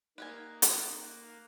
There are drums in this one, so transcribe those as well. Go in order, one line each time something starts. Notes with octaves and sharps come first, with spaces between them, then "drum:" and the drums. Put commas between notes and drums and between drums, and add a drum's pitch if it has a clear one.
A#3 D#4 G4 G5 G#5 F#6
drum: hi-hat